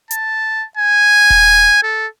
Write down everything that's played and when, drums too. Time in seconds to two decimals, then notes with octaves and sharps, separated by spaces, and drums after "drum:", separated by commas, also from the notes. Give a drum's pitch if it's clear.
0.11 A5, drum: hi-hat
0.77 G#5
1.30 drum: kick D#1
1.83 A4